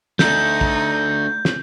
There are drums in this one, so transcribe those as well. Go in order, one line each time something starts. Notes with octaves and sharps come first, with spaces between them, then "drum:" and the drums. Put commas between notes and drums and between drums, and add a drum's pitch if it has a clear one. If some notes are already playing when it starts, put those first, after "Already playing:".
A3 D4 D#4 G6, drum: snare
drum: kick
drum: snare